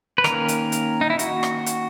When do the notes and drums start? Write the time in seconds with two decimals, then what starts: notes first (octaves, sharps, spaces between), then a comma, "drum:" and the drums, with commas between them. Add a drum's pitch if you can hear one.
0.18 B4
0.24 D#3 A#3 C#4 A#4, drum: rim click
0.48 drum: hi-hat
0.72 drum: hi-hat
1.01 D#4
1.10 E4
1.19 F#4, drum: hi-hat
1.43 drum: rim click
1.66 drum: hi-hat